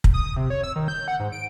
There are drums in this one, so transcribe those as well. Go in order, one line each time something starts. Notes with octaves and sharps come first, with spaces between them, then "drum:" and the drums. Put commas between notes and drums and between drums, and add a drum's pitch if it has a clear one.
drum: kick
D#6
C3
C#5
E6
D#3
G6
F#5
G#2
D7